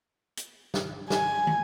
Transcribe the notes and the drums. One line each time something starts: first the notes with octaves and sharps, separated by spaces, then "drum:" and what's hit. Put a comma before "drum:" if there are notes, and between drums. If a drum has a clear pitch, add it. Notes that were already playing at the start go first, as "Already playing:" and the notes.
drum: hi-hat
drum: snare
G#5, drum: snare
drum: tom